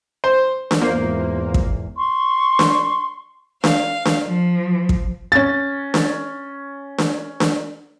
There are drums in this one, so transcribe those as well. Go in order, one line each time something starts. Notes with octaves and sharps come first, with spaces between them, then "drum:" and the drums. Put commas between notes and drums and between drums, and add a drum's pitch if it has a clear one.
C5
drum: snare D4
E2 G#2 A#3 B3 F4 C5 C7
drum: kick
C6 C#6
drum: snare D4
F5, drum: snare D4
drum: snare D4
F3
drum: kick
C#4 A6
drum: snare D4
drum: snare D4
drum: snare D4